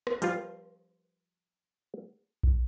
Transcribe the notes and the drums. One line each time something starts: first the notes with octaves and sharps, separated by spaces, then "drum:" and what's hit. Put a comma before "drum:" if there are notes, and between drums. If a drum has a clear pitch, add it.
drum: rim click
F3 G3 F4, drum: hi-hat
drum: kick A#1